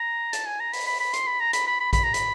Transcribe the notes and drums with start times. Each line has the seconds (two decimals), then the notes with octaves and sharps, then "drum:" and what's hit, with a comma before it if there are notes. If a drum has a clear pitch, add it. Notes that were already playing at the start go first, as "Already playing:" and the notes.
Already playing: A#5
0.33 A5, drum: hi-hat
0.46 G#5
0.60 A#5
0.73 B5, drum: open hi-hat
0.87 B5
1.00 B5
1.13 C6, drum: hi-hat
1.27 B5
1.40 A#5
1.53 B5, drum: hi-hat
1.67 B5
1.80 B5
1.93 B5, drum: kick A#1, hi-hat
2.04 A#5
2.14 B5, drum: hi-hat